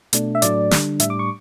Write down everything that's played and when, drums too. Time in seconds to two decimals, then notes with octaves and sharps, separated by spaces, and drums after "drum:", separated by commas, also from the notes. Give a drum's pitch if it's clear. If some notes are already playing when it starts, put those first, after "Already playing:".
0.13 B2 A3 D4, drum: hi-hat
0.35 E5
0.42 A2 F#3 A3 D4 D5, drum: hi-hat
0.71 D3 G3 D4, drum: snare
1.00 A2 G3 D4 E5, drum: hi-hat
1.10 D6
1.19 C#6